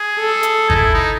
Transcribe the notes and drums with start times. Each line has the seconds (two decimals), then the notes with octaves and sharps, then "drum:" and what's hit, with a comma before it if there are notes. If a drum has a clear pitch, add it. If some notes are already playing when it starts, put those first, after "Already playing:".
Already playing: G#4
0.19 A4
0.43 drum: hi-hat
0.70 D#4, drum: kick G1
0.75 E4
0.94 D#4